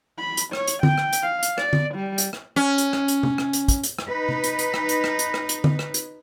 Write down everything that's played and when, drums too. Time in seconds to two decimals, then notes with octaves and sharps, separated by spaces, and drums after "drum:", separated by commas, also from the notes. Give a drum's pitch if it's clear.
0.18 B5
0.37 drum: hi-hat
0.53 C#5, drum: rim click
0.67 drum: hi-hat
0.83 G5, drum: tom D3
0.98 drum: rim click
1.13 drum: hi-hat
1.22 F5
1.43 drum: hi-hat
1.58 D5, drum: rim click
1.73 drum: tom D3
1.95 G3
2.18 drum: hi-hat
2.33 drum: rim click
2.56 C#4
2.78 drum: hi-hat
2.93 drum: rim click
3.08 drum: hi-hat
3.23 drum: tom C3
3.38 drum: rim click
3.53 drum: hi-hat
3.68 drum: kick, hi-hat
3.83 drum: hi-hat
3.99 drum: rim click
4.09 D#4 B4
4.29 drum: tom C3
4.44 drum: hi-hat
4.59 drum: hi-hat
4.74 drum: rim click
4.89 drum: hi-hat
5.04 drum: rim click
5.19 drum: hi-hat
5.34 drum: rim click
5.49 drum: hi-hat
5.64 drum: tom D3
5.79 drum: rim click
5.94 drum: hi-hat